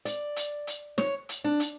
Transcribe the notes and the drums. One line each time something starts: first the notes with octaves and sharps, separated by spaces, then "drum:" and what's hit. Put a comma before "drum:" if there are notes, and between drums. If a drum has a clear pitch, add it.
D5, drum: hi-hat
drum: hi-hat
drum: hi-hat
C#5, drum: snare
drum: hi-hat
D4
drum: hi-hat